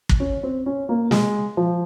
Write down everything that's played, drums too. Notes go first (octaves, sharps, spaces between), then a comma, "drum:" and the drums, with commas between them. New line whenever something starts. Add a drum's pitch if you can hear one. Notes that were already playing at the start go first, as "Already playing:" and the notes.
drum: kick
C#4
C4
C#4
A#3
G#3, drum: snare
F3